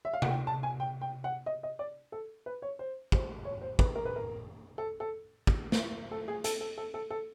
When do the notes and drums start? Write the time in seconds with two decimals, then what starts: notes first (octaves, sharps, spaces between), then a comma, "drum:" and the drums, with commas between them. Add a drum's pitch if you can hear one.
0.05 E5
0.13 F5
0.22 F#5, drum: tom C3
0.30 G5
0.47 A5
0.63 G#5
0.80 G5
1.01 G5
1.24 F#5
1.46 D#5
1.63 D#5
1.79 D5
2.12 A4
2.46 B4
2.62 C#5
2.79 C5
3.12 C5, drum: kick
3.45 C#5
3.61 C5
3.79 B4, drum: kick
3.95 A#4
4.05 B4
4.16 A#4
4.78 A4
5.00 A4
5.47 drum: kick
5.72 drum: snare
6.11 A4
6.28 G#4
6.44 A4, drum: hi-hat
6.61 A4
6.78 A4
6.94 A4
7.10 A4